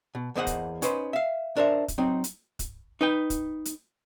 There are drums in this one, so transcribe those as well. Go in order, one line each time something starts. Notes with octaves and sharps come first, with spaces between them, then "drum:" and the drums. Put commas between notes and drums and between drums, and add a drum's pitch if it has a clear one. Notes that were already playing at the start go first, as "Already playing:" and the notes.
B2
E2 A#3 C5 D#5 F5 F#5
drum: kick, hi-hat
C#4 D#4 B4 C5, drum: hi-hat
E5 F5
D4 A#4 C5 E5
drum: kick, hi-hat
F#3 C4 D#4
drum: hi-hat
drum: kick, hi-hat
D#4 B4 G5
drum: kick, hi-hat
drum: hi-hat